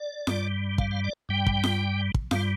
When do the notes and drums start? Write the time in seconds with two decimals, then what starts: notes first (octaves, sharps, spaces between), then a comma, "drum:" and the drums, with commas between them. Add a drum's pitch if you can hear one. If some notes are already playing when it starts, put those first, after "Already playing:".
Already playing: D5
0.27 G2 G3, drum: snare F4
0.78 F5, drum: kick
0.91 F5
1.04 D5
1.29 G2 G3 G5
1.47 drum: kick
1.63 drum: snare F4
2.14 drum: kick
2.31 G2 G3 F5, drum: snare F4